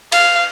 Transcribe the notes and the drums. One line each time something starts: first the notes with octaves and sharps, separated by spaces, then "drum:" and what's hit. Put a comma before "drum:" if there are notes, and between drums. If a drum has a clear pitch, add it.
F5, drum: cymbal